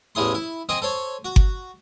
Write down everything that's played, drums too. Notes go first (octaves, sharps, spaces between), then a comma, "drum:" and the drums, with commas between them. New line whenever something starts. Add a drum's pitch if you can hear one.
A1 E2 E4 G#4 C6
E4
C4 G#4 D#5
A4 C5 C#5
F#4
drum: kick G1